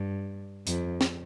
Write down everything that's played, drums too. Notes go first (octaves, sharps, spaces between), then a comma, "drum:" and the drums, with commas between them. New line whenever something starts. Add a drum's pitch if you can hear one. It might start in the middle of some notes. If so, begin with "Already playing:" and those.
Already playing: G2
F2, drum: hi-hat
drum: snare